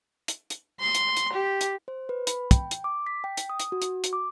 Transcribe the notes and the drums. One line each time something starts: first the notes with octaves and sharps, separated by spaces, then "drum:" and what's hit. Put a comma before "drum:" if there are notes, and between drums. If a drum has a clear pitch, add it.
drum: hi-hat
drum: hi-hat
C6
drum: hi-hat
drum: hi-hat
G4
drum: hi-hat
C5
B4
B5, drum: hi-hat
G5, drum: kick, hi-hat
drum: hi-hat
D6
B6
G5
drum: hi-hat
D#6
drum: hi-hat
F#4
drum: hi-hat
drum: hi-hat
D6